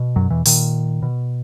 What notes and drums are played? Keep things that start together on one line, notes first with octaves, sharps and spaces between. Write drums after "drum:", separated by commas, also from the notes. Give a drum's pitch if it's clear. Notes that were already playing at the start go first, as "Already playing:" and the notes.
Already playing: B2
F#2 F#3
E2 E3
A#2 D#3, drum: open hi-hat
B2